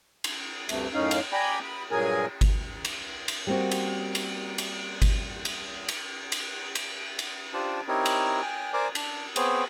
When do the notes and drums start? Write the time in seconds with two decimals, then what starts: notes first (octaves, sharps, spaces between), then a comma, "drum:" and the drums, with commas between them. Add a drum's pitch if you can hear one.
0.24 drum: cymbal
0.69 D2 G2 C3 A3, drum: cymbal
0.94 F#2 A2 C#4 D#4 F5
1.11 drum: cymbal
1.33 D5 G5 G#5 A#5 B5
1.63 B5
1.91 G2 A#2 F#3 G#4 A#4 G#5
2.41 drum: kick G1, cymbal
2.85 drum: cymbal
3.28 drum: cymbal
3.47 G3 A#3 C4 F#4
3.71 drum: cymbal
4.15 drum: cymbal
4.58 drum: cymbal
5.02 drum: kick G1, cymbal
5.45 drum: cymbal
5.88 drum: cymbal
6.32 drum: cymbal
6.75 drum: cymbal
7.19 drum: cymbal
7.54 D4 F4 G4 C5 A5
7.88 C4 D#4 E4 G4 A#4 C#5
8.06 drum: cymbal
8.42 G5 G#5
8.73 A#4 C5 D5 G#5 D6
8.95 D4, drum: cymbal
9.36 B3 C4 G#4 C5 C#5, drum: cymbal